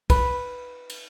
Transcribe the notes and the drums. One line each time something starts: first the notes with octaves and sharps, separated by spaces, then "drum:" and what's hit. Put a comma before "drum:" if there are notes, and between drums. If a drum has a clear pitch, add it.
B4, drum: kick, cymbal
drum: cymbal